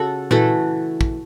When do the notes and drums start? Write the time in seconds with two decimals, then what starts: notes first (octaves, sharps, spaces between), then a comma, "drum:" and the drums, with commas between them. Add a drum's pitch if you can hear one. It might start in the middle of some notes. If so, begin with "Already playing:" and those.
Already playing: C#3 F#4 A4
0.31 E3 A3 F#4 A4, drum: tom A#2
1.01 drum: kick